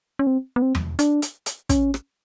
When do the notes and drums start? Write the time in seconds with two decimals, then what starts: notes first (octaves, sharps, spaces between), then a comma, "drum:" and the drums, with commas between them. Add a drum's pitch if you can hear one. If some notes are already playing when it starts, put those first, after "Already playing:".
0.19 C#4
0.27 C4
0.56 B3
0.62 C4
0.75 drum: tom E2
0.99 D4, drum: hi-hat
1.22 drum: hi-hat
1.46 drum: hi-hat
1.69 C#4, drum: kick, hi-hat
1.94 drum: rim click